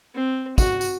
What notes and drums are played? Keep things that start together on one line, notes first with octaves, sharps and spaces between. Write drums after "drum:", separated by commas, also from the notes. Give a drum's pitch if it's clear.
C4
F#4, drum: kick, tambourine
drum: tambourine